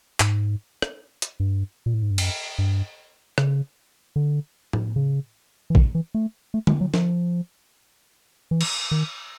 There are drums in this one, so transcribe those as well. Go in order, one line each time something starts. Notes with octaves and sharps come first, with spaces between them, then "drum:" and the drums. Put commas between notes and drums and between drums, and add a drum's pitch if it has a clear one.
G#2, drum: clap
drum: rim click
drum: hi-hat
G2
A#2
A2
G#2
G2
F#2, drum: cymbal
G2
C#3, drum: rim click
D3
drum: tom A2
C#3
E3
D#3, drum: kick
E3
A3
A3
G#3, drum: tom D3
F#3
F3, drum: snare
E3
drum: cymbal
D#3